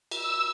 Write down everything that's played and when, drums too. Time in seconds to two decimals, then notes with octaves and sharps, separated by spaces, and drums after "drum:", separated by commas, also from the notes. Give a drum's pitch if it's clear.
0.11 E6, drum: cymbal